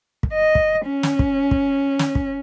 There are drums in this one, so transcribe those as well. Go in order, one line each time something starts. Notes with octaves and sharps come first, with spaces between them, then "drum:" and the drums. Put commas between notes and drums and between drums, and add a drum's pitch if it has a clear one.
drum: kick
D#5
drum: kick
C#4
drum: snare
drum: kick
drum: kick
drum: snare
drum: kick